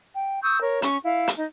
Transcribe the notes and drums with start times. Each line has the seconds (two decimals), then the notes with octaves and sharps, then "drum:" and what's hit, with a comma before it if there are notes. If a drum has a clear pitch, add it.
0.13 G5
0.42 C#6 D#6 E6 G6
0.61 A#4 C#5
0.82 C#4 C#6, drum: hi-hat
1.04 E4 F5
1.27 drum: hi-hat
1.37 D#4